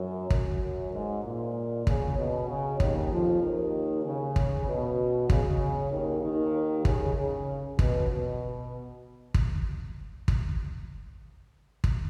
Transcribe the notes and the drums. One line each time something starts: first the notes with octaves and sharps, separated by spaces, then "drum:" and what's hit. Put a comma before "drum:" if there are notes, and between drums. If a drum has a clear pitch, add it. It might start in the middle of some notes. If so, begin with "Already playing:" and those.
Already playing: F#2
F#2, drum: kick
G#2
A#2
C#3, drum: kick
B2
C#3
D#2 D#3, drum: kick
F2 F3
D#2 D#3
C#3
drum: kick
B2
C#3, drum: kick
D#2 D#3
D#2 D#3
C#3, drum: kick
C#3
B2, drum: kick
B2
drum: kick
drum: kick
drum: kick